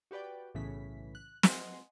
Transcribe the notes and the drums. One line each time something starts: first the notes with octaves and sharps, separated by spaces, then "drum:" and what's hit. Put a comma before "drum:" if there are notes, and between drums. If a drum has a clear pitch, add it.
F#4 G4 B4 D5 G5
B1 A2 C#3 E3 C#4 B6
F#6
D#5 F#5 G#5 C6, drum: snare